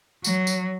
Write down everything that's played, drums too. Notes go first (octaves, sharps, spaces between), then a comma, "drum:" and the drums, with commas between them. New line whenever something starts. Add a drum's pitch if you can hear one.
F#3, drum: tambourine
drum: tambourine